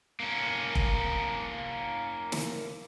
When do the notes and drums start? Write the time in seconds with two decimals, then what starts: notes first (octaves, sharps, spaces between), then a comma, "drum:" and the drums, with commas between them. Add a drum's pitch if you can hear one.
0.20 A#3 C#4
0.75 drum: kick F1
2.32 drum: snare